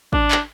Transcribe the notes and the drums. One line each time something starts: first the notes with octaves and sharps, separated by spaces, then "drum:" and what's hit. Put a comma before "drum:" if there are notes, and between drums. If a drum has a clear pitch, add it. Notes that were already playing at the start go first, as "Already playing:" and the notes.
D4, drum: kick G#1
drum: clap